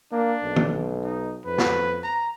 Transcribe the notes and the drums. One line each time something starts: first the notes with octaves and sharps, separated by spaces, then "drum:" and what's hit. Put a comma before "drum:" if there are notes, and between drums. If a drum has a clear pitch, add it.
A#3 D4
B1
drum: tom
D#4
F2 B4
drum: snare
A#5